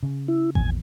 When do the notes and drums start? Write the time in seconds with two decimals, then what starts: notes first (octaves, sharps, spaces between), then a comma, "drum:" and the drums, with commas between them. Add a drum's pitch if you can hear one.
0.03 C#3
0.28 E4
0.55 D#1 A#1 E2 G#5, drum: kick A1